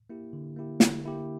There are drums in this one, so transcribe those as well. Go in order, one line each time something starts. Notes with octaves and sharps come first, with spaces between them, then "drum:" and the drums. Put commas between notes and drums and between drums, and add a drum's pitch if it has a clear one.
A#3 E4 G4
D3
A#3 E4 G4
D3, drum: snare
A#3 E4 G4